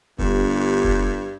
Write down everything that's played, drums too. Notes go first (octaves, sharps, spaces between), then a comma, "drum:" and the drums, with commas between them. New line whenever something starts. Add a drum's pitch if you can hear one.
G1 G2, drum: kick F1
drum: kick F1